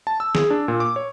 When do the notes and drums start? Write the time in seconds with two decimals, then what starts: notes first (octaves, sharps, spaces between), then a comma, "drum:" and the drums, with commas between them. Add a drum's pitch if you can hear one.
0.07 A5
0.20 E6
0.35 G#4, drum: snare
0.50 D4
0.68 A#2
0.80 D6
0.96 C#5